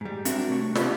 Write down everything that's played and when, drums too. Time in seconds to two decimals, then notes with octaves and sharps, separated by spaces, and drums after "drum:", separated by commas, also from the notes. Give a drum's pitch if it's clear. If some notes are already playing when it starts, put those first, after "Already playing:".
0.01 G#2 G3
0.25 C4 D4 F#4 A#4 C#5 E5, drum: hi-hat
0.49 C3 A3 C#5
0.75 A#3 B3 D4 E4 F4 G4, drum: snare